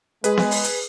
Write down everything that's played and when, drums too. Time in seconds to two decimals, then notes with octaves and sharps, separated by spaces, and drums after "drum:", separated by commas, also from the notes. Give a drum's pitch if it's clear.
0.24 G#3 G#4 B4, drum: hi-hat
0.37 drum: snare B3
0.51 drum: open hi-hat
0.64 drum: hi-hat